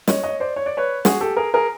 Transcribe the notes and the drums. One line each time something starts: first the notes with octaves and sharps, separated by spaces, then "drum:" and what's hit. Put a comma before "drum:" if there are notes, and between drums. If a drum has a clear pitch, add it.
C#5 D#5, drum: snare
C#5 D#5
C5 D5
C#5
D5
B4 C#5
F#4 G#4, drum: snare
G4 A4
G#4 A#4
G#4 A#4